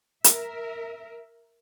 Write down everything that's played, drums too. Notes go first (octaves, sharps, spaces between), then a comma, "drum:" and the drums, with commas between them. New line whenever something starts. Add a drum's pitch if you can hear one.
A#4 E5, drum: hi-hat